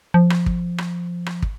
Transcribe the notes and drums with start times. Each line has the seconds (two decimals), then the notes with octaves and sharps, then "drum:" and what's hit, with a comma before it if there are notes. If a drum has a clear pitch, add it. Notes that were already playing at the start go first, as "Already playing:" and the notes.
0.14 F3
0.30 drum: rim click
0.46 drum: kick
0.78 drum: rim click
1.26 drum: rim click
1.42 drum: kick